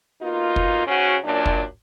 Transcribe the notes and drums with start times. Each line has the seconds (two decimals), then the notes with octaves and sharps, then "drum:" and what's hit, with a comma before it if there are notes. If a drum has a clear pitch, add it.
0.22 B2 A#3 D#4 F4
0.56 drum: kick
0.86 G#2 C#3 C#4 F#4
1.23 F#2 A#2 D4
1.46 drum: kick